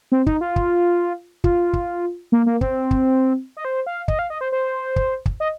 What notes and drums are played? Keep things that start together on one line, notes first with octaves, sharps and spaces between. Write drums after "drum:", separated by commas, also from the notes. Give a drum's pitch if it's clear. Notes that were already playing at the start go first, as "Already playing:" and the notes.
C4
D#4, drum: kick
F4
drum: kick
F4, drum: kick
drum: kick
A#3
A#3
C4, drum: kick
drum: kick
D#5
C5
F5
D#5, drum: kick
F5
D#5
C5
C5
drum: kick
drum: kick
D#5